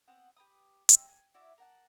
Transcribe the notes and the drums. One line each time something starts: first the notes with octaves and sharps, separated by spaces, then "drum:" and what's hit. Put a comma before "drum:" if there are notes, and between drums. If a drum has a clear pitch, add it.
B3 C4 F#5
G4 B4 D#6
C4 D#5 G5 E6, drum: hi-hat
G#5
E4 F#4 D5 E5
A#4 F#5 A5